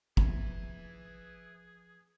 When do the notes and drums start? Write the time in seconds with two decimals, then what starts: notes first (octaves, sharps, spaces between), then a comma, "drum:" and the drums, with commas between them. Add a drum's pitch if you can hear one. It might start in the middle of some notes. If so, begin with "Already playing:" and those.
0.17 F3 G#4 B4 E5, drum: kick